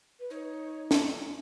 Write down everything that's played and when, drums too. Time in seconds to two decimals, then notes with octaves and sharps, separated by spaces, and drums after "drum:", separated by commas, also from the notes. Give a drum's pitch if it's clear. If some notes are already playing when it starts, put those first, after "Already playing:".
0.19 B4
0.30 D#4 C#5
0.91 drum: snare
1.16 C#4